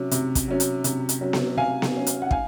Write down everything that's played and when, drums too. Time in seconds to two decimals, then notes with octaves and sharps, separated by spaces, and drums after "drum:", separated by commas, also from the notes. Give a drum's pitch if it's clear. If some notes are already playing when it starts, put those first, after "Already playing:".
Already playing: C3 F#3 C#4
0.11 C3, drum: hi-hat
0.35 drum: kick, hi-hat
0.48 F#3 C#4
0.60 drum: hi-hat
0.84 C3, drum: hi-hat
1.09 drum: hi-hat
1.21 F#3 C#4
1.33 drum: snare B3
1.57 C3 F5 G#5
1.82 drum: snare B3
1.95 F#3 C#4
2.07 drum: hi-hat
2.22 F#5
2.31 F5 G#5, drum: kick